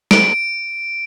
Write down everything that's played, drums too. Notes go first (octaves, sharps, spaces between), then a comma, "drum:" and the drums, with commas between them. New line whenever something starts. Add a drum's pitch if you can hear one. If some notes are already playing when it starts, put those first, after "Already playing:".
D7, drum: snare